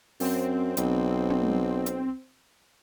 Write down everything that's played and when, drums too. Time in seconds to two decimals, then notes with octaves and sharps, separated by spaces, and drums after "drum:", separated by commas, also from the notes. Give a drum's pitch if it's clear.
0.20 F#2 C4, drum: open hi-hat
0.77 B1, drum: hi-hat
1.30 drum: tom
1.86 drum: hi-hat